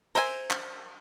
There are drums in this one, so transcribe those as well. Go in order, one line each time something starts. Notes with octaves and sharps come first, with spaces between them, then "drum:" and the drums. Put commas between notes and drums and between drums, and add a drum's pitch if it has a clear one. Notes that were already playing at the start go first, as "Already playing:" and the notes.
A#4 C5 E5 F5 G#5, drum: hi-hat
drum: clap